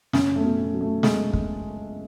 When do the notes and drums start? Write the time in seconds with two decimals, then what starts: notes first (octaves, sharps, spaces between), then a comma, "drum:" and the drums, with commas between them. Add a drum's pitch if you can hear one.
0.13 F#1 C#4, drum: snare
0.36 A3
0.44 B2
0.74 F#3
0.81 A3
1.03 G#3, drum: snare
1.33 drum: kick